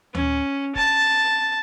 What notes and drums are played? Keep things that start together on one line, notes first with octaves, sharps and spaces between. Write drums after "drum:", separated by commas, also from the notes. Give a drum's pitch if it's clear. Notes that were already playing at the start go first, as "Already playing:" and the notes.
C#4, drum: tom D2
A5, drum: kick